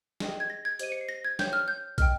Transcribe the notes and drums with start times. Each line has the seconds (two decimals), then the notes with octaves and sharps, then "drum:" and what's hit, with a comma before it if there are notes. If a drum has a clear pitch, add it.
0.20 G#4 D#5 G5, drum: snare
0.40 G#6
0.50 A#6
0.65 G#6
0.79 G4 C5 D#5 D#7, drum: hi-hat
0.92 C#7
1.01 C7
1.09 A#6
1.25 G#6
1.39 A#4 C#5 G5 G6, drum: snare
1.53 F6
1.68 G6
1.98 A#4 D#5 G5 F6, drum: kick, hi-hat